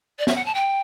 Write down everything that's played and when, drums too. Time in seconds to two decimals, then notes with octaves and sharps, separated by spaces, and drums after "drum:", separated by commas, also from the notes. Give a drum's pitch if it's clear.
0.19 D5
0.27 E5, drum: snare
0.36 F#5
0.45 A5
0.54 G5